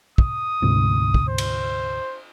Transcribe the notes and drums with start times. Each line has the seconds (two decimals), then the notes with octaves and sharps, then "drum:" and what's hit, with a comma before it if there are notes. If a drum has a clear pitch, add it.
0.18 D#6, drum: kick
0.62 D2 G#2 C3
1.14 drum: kick
1.28 C5
1.38 drum: cymbal